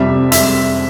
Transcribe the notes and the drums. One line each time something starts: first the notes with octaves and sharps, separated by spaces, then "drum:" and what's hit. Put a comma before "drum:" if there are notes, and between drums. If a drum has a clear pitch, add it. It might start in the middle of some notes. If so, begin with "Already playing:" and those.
Already playing: F2 C3 G3 E5
E5, drum: hi-hat